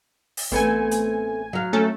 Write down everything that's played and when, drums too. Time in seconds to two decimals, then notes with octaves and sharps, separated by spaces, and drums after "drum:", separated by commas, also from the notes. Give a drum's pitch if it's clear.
0.37 drum: open hi-hat
0.52 A1 A3 B3 C4 G#5
0.91 drum: hi-hat
1.53 F#3 F5
1.73 A3 C#4 A4